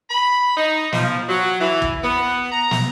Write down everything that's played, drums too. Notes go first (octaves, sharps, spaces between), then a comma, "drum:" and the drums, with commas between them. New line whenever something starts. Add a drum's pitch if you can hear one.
B5
D#4
F3, drum: snare
F#3
E3
drum: kick
B3
A#5
drum: snare